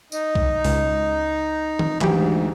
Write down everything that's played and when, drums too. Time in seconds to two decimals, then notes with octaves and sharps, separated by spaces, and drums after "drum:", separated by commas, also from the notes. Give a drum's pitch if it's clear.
0.12 D#4, drum: tambourine
0.35 drum: kick B1
0.64 C#2, drum: open hi-hat
1.79 drum: tom D#3
2.01 D2 G#2 E3 F#3 G4, drum: clap